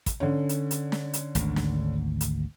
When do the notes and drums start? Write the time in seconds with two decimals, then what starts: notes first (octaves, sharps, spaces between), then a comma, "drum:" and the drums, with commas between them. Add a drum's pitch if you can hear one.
0.06 drum: kick, hi-hat
0.20 D3 C#4
0.49 drum: hi-hat
0.71 drum: hi-hat
0.92 drum: snare
1.13 drum: hi-hat
1.35 G#1 D2, drum: hi-hat
1.56 drum: snare
2.21 drum: hi-hat